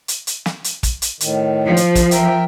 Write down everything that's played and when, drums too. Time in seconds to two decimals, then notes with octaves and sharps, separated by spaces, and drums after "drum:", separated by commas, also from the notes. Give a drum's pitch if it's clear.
0.08 drum: hi-hat
0.27 drum: hi-hat
0.46 drum: snare
0.64 drum: hi-hat
0.83 drum: kick, hi-hat
1.02 drum: hi-hat
1.20 A2 D#3, drum: hi-hat
1.66 F3
1.77 drum: hi-hat
1.95 drum: kick, hi-hat
2.11 A#4 E5 G5, drum: hi-hat